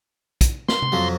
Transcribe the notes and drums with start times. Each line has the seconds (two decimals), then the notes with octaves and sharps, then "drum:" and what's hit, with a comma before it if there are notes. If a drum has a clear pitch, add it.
0.41 drum: kick, hi-hat
0.69 C6, drum: snare
0.82 drum: tom C3
0.92 F2 F#3